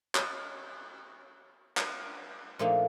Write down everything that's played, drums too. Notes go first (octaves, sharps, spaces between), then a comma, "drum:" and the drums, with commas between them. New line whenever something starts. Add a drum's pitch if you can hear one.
D#5 A5, drum: clap
drum: clap
A#2 F3 A3 A#3 D4 D#4